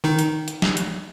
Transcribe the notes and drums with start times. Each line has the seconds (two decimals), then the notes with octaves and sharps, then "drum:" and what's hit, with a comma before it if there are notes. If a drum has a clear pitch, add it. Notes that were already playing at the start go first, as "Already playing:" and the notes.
0.04 D#3 D#4
0.19 drum: hi-hat
0.48 drum: hi-hat
0.62 drum: snare
0.77 drum: hi-hat